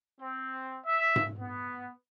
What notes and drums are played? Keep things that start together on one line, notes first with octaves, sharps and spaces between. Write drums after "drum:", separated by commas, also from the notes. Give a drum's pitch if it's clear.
C4
E5
drum: tom G#2
B3